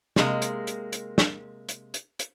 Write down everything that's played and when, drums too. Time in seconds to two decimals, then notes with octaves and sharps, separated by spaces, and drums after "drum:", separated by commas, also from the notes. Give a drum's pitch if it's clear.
0.16 C3 G#3 A#3, drum: snare
0.42 drum: hi-hat
0.67 drum: hi-hat
0.92 drum: hi-hat
1.18 drum: snare
1.69 drum: hi-hat
1.94 drum: hi-hat
2.19 drum: hi-hat